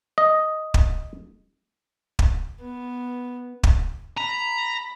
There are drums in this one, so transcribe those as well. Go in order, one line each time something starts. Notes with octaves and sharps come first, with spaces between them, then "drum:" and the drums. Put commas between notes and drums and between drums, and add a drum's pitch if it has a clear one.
D#5
drum: kick
drum: kick
B3
drum: kick
A#5 B5